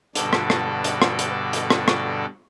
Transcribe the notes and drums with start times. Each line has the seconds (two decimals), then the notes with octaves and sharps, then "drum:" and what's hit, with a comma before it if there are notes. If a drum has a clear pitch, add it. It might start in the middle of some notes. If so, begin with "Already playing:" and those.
0.15 G2 B2 D3 A4 D5, drum: hi-hat
0.33 drum: rim click
0.50 drum: rim click
0.84 drum: hi-hat
1.02 drum: rim click
1.19 drum: hi-hat
1.53 drum: hi-hat
1.70 drum: rim click
1.88 drum: rim click